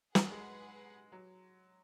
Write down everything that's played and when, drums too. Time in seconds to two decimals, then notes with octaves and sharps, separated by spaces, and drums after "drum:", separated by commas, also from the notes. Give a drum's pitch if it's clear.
0.15 F#3 G#4 B4 F#5, drum: snare
0.31 G#3
1.12 F#3